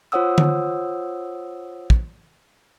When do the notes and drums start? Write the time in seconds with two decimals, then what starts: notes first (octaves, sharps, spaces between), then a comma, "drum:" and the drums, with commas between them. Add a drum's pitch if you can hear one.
0.12 F4 C5 C#5 F#5 D#6 E6
0.38 drum: tom D3
1.90 drum: kick